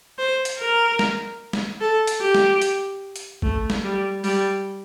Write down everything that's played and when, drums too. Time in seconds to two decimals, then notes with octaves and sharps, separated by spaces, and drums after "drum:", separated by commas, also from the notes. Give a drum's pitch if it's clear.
0.18 C5
0.45 drum: hi-hat
0.59 A#4
0.99 drum: snare
1.53 drum: snare
1.80 A4
2.07 drum: hi-hat
2.21 G4
2.34 drum: snare
2.62 drum: hi-hat
3.16 drum: hi-hat
3.42 A3, drum: kick
3.70 drum: snare
3.84 G3
4.24 G3, drum: open hi-hat